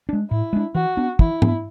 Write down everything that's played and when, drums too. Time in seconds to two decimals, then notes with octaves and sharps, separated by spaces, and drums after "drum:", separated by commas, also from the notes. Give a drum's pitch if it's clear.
0.09 G#3 D4
0.31 A2 E4
0.53 G#3 D4
0.75 E3 F#4
0.97 B3 D4
1.19 E3 E4, drum: kick
1.42 B3 D4, drum: tom G#2